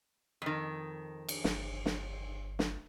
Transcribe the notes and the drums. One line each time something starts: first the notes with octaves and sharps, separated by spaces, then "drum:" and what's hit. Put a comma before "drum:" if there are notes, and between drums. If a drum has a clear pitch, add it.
F2 D#3
drum: cymbal
G1, drum: snare
drum: snare
drum: snare